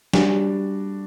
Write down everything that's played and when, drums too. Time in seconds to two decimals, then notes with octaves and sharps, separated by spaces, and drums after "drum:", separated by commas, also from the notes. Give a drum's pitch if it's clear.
0.13 G3 D4 F#4, drum: snare